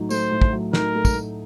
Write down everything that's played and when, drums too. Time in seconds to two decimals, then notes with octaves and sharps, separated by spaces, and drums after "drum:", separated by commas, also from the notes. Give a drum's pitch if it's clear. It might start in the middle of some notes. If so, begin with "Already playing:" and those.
Already playing: A2 F#3 A3 D#4
0.10 A3 C5, drum: tambourine
0.31 A2
0.42 drum: kick
0.53 F#3
0.73 D#4 A#4, drum: snare
0.95 A3
1.05 drum: kick, tambourine
1.15 A2